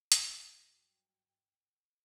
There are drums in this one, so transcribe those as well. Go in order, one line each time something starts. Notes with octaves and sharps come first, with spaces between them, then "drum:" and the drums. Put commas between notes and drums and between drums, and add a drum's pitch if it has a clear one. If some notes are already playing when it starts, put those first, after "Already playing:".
drum: hi-hat
G2 F#3 G5